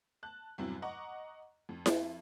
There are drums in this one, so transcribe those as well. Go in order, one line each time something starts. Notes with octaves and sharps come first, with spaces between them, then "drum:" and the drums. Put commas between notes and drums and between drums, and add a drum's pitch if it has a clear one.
A5 F#6
E2 G2 C3 F#3 C4 E4
D#5 F#5 A#5 C#6 D6
F2
drum: snare E4